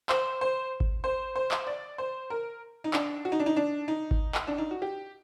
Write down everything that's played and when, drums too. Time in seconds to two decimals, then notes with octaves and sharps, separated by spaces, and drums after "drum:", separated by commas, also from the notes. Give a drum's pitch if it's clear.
0.09 C5, drum: clap
0.41 C5
0.80 drum: kick G#1
1.04 C5
1.36 C5
1.51 drum: clap
1.67 D5
1.98 C5
2.30 A#4
2.84 D#4
2.94 D4, drum: clap
3.25 F#4
3.32 D#4
3.40 D4
3.46 D#4
3.56 D4
3.88 D#4
4.11 drum: kick G#1
4.35 drum: clap
4.47 D4
4.58 D#4
4.71 F#4
4.82 G4